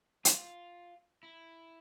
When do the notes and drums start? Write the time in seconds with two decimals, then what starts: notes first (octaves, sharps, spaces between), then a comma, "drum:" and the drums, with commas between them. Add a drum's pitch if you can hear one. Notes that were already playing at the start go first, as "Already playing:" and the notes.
0.25 F4, drum: hi-hat
1.23 E4